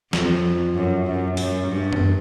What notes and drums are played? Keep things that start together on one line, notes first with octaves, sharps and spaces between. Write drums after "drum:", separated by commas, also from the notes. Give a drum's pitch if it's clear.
F2, drum: snare
F#2
F#2
F#2, drum: open hi-hat
G2
drum: tom F#2